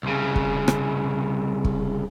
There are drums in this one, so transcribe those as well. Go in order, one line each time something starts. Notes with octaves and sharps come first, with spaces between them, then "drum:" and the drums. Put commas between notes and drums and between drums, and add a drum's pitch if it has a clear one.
C2 C#3
drum: kick
drum: rim click
drum: kick